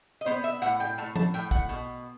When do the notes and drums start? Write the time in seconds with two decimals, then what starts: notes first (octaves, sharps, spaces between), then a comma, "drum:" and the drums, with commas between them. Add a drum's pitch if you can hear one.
0.21 D#5
0.26 B3 C5
0.44 E5
0.62 A2 F#5
0.80 G5
0.98 A2 A5
1.16 A5, drum: tom
1.34 A2 G5
1.51 F#5, drum: kick
1.69 B2